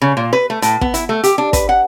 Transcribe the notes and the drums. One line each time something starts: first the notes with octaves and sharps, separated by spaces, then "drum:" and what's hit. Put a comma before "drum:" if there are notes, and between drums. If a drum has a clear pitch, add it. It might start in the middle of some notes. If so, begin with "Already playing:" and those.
C#3
A#2
B4
A3
A2, drum: hi-hat
B3, drum: kick
E4, drum: hi-hat
A3
G4, drum: hi-hat
D4
B4, drum: kick, hi-hat
F#5